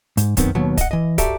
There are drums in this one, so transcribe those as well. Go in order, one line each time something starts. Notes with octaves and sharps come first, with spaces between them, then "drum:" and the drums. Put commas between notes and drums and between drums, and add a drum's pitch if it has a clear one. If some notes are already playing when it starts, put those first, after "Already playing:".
G#2, drum: hi-hat
F#2 D#3 B3 C4, drum: kick, hi-hat
D#2 B2 F#3 B3
D#5 F#5, drum: kick, hi-hat
E3 D#5
F#4 G4 A4 D5 E5 A#5, drum: kick, hi-hat